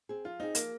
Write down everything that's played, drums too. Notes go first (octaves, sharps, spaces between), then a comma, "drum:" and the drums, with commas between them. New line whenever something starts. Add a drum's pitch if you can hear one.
C4 G#4
F3 F4
C4 D#4 G#4
F3 A#3, drum: hi-hat